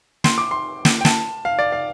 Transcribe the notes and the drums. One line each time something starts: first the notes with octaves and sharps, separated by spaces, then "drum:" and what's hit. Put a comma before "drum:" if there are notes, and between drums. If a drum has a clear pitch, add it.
C6, drum: snare
D6
C6
drum: snare
G5
A5, drum: snare
F5
D5
F5